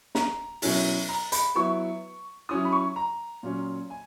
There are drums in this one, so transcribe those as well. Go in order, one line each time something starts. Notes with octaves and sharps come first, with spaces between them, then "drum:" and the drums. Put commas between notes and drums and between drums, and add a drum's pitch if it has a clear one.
A#5, drum: snare
B2 F#3 C#4 E4, drum: open hi-hat
A#5
B5, drum: hi-hat
F#3 B3 E4 C#6
F#3 C#4 E4 D#6
B5
C#6
A#5
A#2 F#3 C#4
G#5